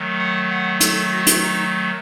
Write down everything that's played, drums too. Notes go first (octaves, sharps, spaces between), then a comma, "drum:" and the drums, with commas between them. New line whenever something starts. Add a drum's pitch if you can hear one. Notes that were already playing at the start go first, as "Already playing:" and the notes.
Already playing: D#3 F#3 A3
F#5
F#5
A4, drum: hi-hat
F#4
drum: hi-hat
D#4